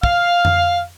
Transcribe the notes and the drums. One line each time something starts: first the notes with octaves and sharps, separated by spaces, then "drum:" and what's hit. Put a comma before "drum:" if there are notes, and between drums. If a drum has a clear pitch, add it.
F5 F6, drum: kick
drum: tom F2